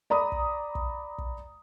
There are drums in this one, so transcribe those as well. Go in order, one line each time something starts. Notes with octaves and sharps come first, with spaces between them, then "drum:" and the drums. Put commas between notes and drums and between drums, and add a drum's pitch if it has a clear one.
D5 A#5 B5 D#6
drum: kick
drum: kick
drum: kick